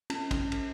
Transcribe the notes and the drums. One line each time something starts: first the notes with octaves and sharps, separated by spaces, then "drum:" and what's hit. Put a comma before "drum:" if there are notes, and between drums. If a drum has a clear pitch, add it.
C#4, drum: cymbal
drum: kick, cymbal
drum: cymbal